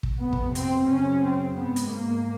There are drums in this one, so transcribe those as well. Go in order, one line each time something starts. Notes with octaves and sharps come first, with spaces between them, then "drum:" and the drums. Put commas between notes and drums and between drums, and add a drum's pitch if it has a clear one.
drum: kick
F2 C3 B3
drum: kick
C4, drum: hi-hat
F#2 C#3 C#4
C4
G#2 B3
drum: hi-hat
A#3